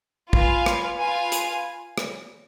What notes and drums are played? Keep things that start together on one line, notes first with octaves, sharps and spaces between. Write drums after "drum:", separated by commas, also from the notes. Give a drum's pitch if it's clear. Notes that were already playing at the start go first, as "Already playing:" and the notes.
F4 B4 F5 G#5, drum: kick
drum: rim click
F4 B4 F5 G#5
drum: hi-hat
drum: rim click